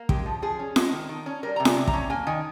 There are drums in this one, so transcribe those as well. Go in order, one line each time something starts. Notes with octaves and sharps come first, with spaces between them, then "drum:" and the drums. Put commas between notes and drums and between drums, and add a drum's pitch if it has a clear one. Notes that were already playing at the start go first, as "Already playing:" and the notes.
Already playing: A#3
G#3 G4, drum: kick
F3
F3 G#4
C#4
G#3, drum: snare
D#3
D#3
C#4
G3 A#4
C3 A#5
G#5, drum: snare
C3
A#5, drum: kick
C#4
A#3 G#5
D#3 G#5